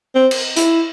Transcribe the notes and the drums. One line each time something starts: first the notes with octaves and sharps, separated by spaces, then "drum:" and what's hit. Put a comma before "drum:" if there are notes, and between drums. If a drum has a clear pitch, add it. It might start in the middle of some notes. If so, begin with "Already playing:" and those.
C4
drum: cymbal
E4, drum: hi-hat